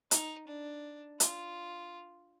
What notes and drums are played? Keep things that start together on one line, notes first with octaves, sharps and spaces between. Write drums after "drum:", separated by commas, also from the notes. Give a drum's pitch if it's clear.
D#4, drum: hi-hat
D4
F4, drum: hi-hat